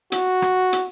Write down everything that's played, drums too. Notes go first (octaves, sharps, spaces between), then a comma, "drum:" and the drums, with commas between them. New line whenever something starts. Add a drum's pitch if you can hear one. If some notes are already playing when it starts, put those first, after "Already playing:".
F#4, drum: hi-hat
drum: rim click
drum: hi-hat